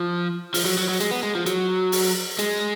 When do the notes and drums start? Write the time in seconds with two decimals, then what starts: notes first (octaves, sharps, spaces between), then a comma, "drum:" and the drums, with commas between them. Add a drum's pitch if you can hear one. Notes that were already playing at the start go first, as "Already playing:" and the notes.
Already playing: F3
0.54 F3, drum: open hi-hat
0.65 F#3
0.78 F#3
0.89 F#3
1.00 G#3, drum: hi-hat
1.11 B3
1.23 G#3
1.35 F3
1.46 F#3, drum: hi-hat
1.92 drum: open hi-hat
2.39 G#3, drum: hi-hat